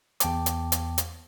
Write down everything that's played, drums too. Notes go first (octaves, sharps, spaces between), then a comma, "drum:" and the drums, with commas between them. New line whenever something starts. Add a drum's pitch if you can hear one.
E2 G5 A5 D6, drum: hi-hat
drum: hi-hat
drum: hi-hat
drum: hi-hat